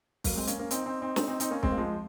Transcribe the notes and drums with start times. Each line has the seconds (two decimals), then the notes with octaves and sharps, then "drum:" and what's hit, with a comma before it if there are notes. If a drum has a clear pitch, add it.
0.24 F#3 A#3, drum: kick, open hi-hat
0.36 G#3 C4
0.47 A#3 C#4, drum: hi-hat
0.59 A#3 C#4
0.71 C4 D#4, drum: hi-hat
0.85 C4 D#4
1.01 C4 D#4
1.16 C4 D#4, drum: snare
1.28 C4 D#4
1.40 C4 D#4, drum: hi-hat
1.51 A#3 C#4
1.63 G#3 C4, drum: kick
1.71 A#3
1.78 F3 G#3